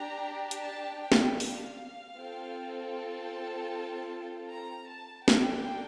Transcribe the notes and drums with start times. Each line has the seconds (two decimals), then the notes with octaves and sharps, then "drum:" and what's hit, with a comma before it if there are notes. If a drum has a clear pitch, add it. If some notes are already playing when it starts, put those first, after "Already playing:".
Already playing: D4 G4 A#5
0.51 drum: hi-hat
0.62 A5
1.01 G5
1.12 drum: snare
1.40 F5, drum: open hi-hat
2.17 C4 F4 A4
2.95 A5
4.50 A#5
4.89 A5
5.28 A#3 D4 A4 G5, drum: snare